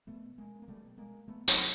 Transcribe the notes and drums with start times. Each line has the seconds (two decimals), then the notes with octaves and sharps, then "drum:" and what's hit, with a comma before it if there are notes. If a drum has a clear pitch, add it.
0.07 B2 A3 B3
0.38 G#3 A#3
0.62 A#3
0.68 B2 G3 A3
0.97 G#3 A#3
1.27 B2 A3 B3
1.48 A#3 C4, drum: tambourine